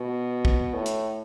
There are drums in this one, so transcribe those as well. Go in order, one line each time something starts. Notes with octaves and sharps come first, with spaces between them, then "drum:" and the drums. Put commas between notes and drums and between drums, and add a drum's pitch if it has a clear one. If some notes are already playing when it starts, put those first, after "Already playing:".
Already playing: B2
drum: kick
A2
drum: hi-hat